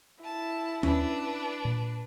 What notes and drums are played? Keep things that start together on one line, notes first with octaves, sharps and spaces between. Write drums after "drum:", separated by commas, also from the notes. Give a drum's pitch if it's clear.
E4 A5
C#4 D4 B4, drum: tom D#2
A#2